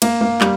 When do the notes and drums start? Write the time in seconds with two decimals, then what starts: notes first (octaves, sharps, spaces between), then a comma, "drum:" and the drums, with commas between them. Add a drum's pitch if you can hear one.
0.02 A#3, drum: cymbal
0.21 A#3
0.41 G3, drum: clap